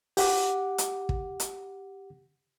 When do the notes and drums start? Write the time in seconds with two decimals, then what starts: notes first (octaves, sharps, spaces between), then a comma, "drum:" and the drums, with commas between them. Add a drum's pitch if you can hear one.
0.17 G4 F#5 D6, drum: open hi-hat
0.78 drum: hi-hat
1.09 drum: kick
1.40 drum: hi-hat